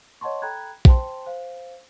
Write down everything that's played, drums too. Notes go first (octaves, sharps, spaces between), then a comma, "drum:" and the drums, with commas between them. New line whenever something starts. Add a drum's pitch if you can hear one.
C#5 D#5 F#5 A5 C6 C#6
A4 G5 A#5 B5 F#6 G#6
C5 G5 A5 C6, drum: kick
C5 F5